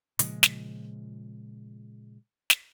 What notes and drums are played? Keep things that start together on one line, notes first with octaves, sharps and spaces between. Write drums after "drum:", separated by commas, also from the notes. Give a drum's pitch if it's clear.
A#2 C#3 F3 G#3, drum: hi-hat
drum: snare
drum: snare